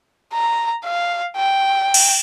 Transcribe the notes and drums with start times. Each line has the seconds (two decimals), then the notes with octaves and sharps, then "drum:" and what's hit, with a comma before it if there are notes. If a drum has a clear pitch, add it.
0.33 A#5
0.85 F5
1.37 G5
1.94 drum: cymbal